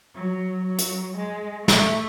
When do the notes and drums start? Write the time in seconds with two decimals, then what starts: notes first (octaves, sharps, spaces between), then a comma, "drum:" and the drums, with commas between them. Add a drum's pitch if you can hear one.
0.15 F#3
0.66 F#3
0.78 drum: hi-hat
1.17 G#3
1.68 A3, drum: snare